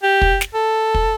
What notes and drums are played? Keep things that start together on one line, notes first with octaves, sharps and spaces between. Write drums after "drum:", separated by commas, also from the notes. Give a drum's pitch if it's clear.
G4
drum: kick
drum: snare
A4
drum: kick